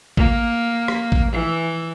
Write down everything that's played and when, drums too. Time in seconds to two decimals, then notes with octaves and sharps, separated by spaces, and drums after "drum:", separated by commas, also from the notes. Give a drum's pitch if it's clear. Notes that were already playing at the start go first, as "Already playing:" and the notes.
0.17 A#3, drum: kick
0.88 drum: rim click
1.12 drum: kick
1.32 E3